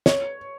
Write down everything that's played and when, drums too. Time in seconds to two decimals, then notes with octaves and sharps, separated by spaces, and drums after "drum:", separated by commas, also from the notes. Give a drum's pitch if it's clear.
0.06 C#5, drum: snare